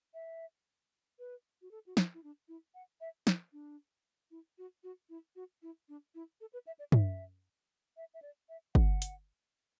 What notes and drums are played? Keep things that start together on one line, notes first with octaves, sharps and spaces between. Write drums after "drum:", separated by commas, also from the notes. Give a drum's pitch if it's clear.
E5
B4
F#4
A4
F#4
E4, drum: snare
E4
D4
E4
F#5
E5
E4, drum: snare
D4
E4
F#4
F#4
E4
F#4
E4
D4
E4
A4
B4
E5
D5
E5, drum: tom
E5
E5
D5
E5
F#5, drum: kick
drum: hi-hat